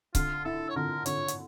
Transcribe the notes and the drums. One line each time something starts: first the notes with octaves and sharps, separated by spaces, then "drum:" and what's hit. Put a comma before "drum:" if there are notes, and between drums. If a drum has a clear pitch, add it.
D3 F4, drum: kick C#1, hi-hat
E4 A4
C#5
D3 A#4
D3 C#5, drum: hi-hat
drum: hi-hat